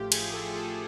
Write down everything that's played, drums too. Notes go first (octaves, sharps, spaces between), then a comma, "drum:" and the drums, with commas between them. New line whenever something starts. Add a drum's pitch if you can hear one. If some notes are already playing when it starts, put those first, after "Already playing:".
Already playing: A1 A2 F3 A3 F4 G4
G#4, drum: cymbal
A4
A4